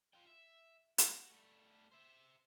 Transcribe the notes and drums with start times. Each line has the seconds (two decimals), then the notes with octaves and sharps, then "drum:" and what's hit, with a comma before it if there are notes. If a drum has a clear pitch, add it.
0.13 F4 G5
0.26 E5
0.98 F#4, drum: hi-hat
1.30 G3 A3
1.92 C5 E5